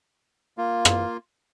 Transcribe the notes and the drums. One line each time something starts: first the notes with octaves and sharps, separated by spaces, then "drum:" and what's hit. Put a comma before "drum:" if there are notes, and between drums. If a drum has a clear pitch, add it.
A#3 F4
drum: rim click